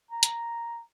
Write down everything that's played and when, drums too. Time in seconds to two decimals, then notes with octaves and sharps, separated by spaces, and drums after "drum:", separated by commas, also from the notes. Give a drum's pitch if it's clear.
0.11 A#5
0.23 drum: hi-hat